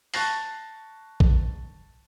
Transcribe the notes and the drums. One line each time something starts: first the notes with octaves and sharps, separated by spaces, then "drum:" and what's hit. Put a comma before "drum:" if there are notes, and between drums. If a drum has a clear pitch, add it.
A5 C#6 F#6 A6 A#6 C7, drum: open hi-hat
drum: kick A#1